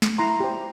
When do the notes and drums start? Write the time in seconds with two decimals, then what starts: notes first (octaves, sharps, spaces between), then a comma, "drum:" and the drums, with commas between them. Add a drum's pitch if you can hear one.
0.02 drum: snare
0.18 E4 A#5 C6
0.40 G4 C5